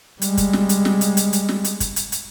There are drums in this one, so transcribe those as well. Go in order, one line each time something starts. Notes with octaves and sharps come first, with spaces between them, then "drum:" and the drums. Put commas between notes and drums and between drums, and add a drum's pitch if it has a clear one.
G3 G#3, drum: hi-hat
drum: kick, hi-hat
drum: snare
drum: hi-hat
drum: snare
drum: hi-hat
drum: hi-hat
drum: hi-hat
drum: snare
drum: hi-hat
drum: kick, hi-hat
drum: hi-hat
drum: hi-hat